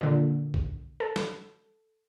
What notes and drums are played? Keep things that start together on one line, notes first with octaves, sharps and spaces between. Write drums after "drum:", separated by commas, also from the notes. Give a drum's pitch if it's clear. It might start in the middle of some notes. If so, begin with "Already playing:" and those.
A#2 D3
drum: kick
A4
drum: snare